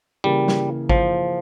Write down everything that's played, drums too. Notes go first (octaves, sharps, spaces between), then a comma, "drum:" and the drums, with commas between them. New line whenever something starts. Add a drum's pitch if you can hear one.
C#3 E3 G3 A#3
drum: snare
F3, drum: kick G#1